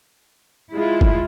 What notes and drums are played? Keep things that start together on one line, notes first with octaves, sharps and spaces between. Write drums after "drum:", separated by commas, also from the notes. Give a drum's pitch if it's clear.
G#3 E4 F4
drum: kick